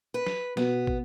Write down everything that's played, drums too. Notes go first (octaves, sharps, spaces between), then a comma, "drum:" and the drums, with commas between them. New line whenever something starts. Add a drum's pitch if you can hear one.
B4
drum: snare
B2 B3, drum: snare
drum: kick